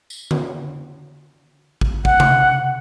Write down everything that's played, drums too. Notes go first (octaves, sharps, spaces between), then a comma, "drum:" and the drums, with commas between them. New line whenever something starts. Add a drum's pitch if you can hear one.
drum: tambourine
drum: tom D3
drum: kick G#1
F#5, drum: kick G#1
drum: tom C3